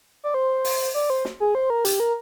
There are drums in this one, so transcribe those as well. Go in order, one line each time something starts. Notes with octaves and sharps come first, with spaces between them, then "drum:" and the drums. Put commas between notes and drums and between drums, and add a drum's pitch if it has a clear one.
D5
C5
drum: open hi-hat
D5
C5
drum: snare
G#4
C5
A#4
G4, drum: hi-hat
A#4